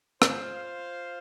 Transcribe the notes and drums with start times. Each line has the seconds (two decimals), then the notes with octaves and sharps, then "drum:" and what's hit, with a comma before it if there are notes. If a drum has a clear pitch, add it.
0.22 F4 C5 F5, drum: rim click